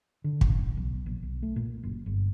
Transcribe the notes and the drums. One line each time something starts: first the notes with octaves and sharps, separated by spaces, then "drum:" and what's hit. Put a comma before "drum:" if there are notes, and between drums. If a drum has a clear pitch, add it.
D3
A1, drum: kick
B1
A#1
B1
A3
A#2
F#1
G1